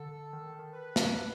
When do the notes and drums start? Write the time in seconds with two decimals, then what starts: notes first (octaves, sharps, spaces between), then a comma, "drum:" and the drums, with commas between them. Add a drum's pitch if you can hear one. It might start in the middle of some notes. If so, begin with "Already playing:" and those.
Already playing: D3 A4
0.33 D#3
0.46 D#3
0.59 D#3
0.73 B4
0.96 drum: snare